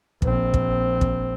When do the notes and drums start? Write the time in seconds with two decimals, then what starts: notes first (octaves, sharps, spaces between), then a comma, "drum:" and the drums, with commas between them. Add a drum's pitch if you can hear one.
0.22 A#1 C4, drum: kick
0.54 drum: kick
1.01 drum: kick